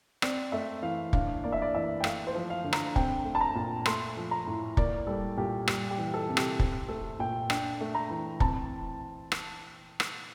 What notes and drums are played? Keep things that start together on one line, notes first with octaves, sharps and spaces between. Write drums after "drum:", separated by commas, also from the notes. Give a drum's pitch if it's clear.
C4 D5, drum: rim click
A3 E5
E3 F5
D4 F5, drum: kick
A#3 D5
E5
D5
E3 E5
G5
A3 F5, drum: rim click
C5
F3
F5
D3
A#5, drum: rim click
C4 G5, drum: kick
A3
A5
A#5
A#2
A3 C6, drum: rim click
F3
A#5
A2
A#3 D5, drum: kick
G3 A4
A#2 G4
G3, drum: rim click
G4
E3
A4
C3
G4, drum: rim click
C4, drum: kick
A3 A4
A#2 G5
D4 G5, drum: rim click
A3
A#5
E3
C4 A5, drum: kick
drum: rim click
drum: rim click